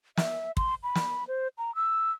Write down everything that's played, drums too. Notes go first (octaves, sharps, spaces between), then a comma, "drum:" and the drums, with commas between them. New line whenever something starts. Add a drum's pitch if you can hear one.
E5, drum: snare
C6, drum: kick
B5
drum: snare
C5
A#5
E6